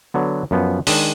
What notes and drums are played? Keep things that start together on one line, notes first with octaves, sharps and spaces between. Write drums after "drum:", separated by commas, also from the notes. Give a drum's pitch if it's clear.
D3 F#3 B3
F#2 F3 B3
D#3 G#3 D4, drum: open hi-hat